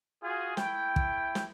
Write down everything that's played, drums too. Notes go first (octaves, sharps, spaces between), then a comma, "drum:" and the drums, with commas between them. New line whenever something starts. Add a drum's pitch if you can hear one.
F4 F#4 G#4
A3 E4 G5, drum: snare
drum: kick
drum: snare